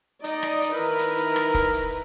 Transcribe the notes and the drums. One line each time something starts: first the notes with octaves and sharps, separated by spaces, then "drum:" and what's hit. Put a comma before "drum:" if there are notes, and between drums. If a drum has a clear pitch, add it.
D#4 D5 D#5, drum: hi-hat
drum: rim click
drum: hi-hat
D#3 E4 A#4 B4
drum: hi-hat
drum: hi-hat
drum: rim click
drum: kick, hi-hat
drum: hi-hat